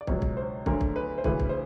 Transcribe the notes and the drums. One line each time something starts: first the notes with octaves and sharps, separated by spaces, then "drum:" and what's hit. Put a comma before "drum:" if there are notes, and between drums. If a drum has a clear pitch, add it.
D5
C#2 B2 F#3 C#5, drum: kick
drum: kick
C5
D2 D3 F#3 A#4, drum: kick
drum: kick
B4
C5
D2 C#3 E3 B4, drum: kick
drum: kick
C5